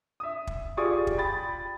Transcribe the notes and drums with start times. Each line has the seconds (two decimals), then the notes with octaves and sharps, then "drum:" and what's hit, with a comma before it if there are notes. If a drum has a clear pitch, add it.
0.20 E5 D#6
0.47 drum: kick
0.77 F4 G4 G#4 D5 C#6 D#6
1.07 drum: kick
1.18 G5 B5 A6